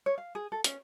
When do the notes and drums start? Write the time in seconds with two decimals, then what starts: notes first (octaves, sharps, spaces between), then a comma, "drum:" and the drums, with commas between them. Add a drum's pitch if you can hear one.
0.06 C#5
0.18 F5
0.35 G#4
0.52 A4
0.64 C#4, drum: hi-hat